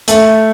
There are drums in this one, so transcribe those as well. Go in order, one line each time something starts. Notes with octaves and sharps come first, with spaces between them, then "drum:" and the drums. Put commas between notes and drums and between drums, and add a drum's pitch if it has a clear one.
A3, drum: hi-hat